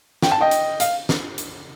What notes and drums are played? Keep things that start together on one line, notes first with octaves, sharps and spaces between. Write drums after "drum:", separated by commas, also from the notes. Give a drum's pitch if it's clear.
G5, drum: snare
A5
D#5 G5
drum: hi-hat
F5, drum: hi-hat
drum: snare
drum: hi-hat